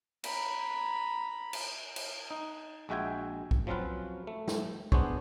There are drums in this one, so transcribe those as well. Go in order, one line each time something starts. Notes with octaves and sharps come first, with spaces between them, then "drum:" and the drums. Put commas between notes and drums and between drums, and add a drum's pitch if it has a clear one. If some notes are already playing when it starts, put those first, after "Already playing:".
A#5 B5, drum: cymbal
drum: cymbal
drum: cymbal
D#4
A#1 G#3 F#4 E5 G5 G#5
drum: kick
F3 F#3 C4 C#4 F4 B4
A3
drum: snare
B3 D4 G#4 C5 C#5, drum: kick